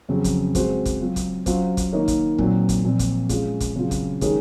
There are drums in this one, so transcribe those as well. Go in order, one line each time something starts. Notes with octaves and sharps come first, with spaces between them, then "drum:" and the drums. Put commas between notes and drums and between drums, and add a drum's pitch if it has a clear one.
F2 C#3 F#3 C4
drum: kick, hi-hat
G#3 C4 F#4 C5, drum: kick, hi-hat
drum: kick, hi-hat
F#3 C4 F4
drum: kick, hi-hat
F#3 C#4 F4 C5, drum: kick, hi-hat
drum: kick, hi-hat
D#3 A#3 D#4 A#4 C#5
drum: kick, hi-hat
A#2 F#3 C4, drum: kick
drum: kick, hi-hat
A#2 F3 C4
drum: kick, hi-hat
G#3 C#4 F4, drum: kick, hi-hat
drum: kick, hi-hat
C#3 F#3 C4 F4
drum: kick, hi-hat
D#3 G#3 C#4 G#4 C#5, drum: kick, hi-hat